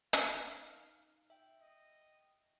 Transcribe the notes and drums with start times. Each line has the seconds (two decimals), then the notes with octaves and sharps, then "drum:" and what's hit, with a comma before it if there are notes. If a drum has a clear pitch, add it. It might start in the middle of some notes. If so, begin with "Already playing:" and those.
0.13 D#4 F5, drum: hi-hat
1.30 E5 G5
1.61 D#5